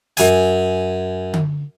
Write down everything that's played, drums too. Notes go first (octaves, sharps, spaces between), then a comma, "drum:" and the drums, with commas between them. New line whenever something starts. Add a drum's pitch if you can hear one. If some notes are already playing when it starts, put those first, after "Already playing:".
F#2 G#5, drum: hi-hat
drum: tom D3